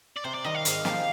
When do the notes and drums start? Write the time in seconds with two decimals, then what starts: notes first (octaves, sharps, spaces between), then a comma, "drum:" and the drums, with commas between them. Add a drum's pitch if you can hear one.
0.17 D5
0.24 C3 C5
0.34 D5
0.44 D#3 G3 D#5
0.55 F5
0.65 G#2, drum: hi-hat
0.85 F3 A#3 D#4 G4, drum: snare